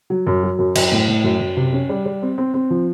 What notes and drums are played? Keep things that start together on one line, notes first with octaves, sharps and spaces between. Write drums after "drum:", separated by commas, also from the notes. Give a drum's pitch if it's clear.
F#3
F#2
F#3
F#2
F#2, drum: cymbal
A2
A2
F#2
F#2
C3
C#4
G3
G3
C4
C4
C4
F3